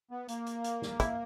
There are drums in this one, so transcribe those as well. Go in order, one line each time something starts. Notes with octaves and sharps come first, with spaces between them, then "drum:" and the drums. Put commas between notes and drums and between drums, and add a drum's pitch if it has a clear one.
B3
A#3, drum: hi-hat
drum: hi-hat
drum: hi-hat
drum: snare
E4, drum: kick, hi-hat